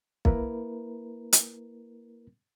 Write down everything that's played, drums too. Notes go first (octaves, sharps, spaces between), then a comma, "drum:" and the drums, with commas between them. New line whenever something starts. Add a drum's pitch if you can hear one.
A#3 E4 A#4 B4, drum: kick
drum: hi-hat